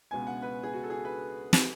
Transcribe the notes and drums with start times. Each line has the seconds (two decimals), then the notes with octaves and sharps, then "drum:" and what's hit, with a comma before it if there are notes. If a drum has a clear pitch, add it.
0.11 C#2 B2 G#3 B3 G#5
0.27 F#5
0.42 B4
0.63 G#4
0.73 F#4
0.83 A4
0.90 G#4
1.05 B4
1.53 drum: snare